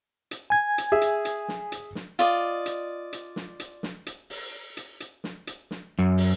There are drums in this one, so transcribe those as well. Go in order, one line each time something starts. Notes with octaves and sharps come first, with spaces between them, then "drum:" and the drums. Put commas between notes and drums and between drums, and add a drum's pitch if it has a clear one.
drum: hi-hat
G#5 G#6
drum: hi-hat
G#4 E5
drum: hi-hat
drum: hi-hat
drum: snare
drum: hi-hat
drum: snare
F4 D5 D#5, drum: hi-hat
drum: hi-hat
drum: hi-hat
drum: snare
drum: hi-hat
drum: snare
drum: hi-hat
drum: open hi-hat
drum: hi-hat
drum: hi-hat
drum: snare
drum: hi-hat
drum: snare
F#2
drum: open hi-hat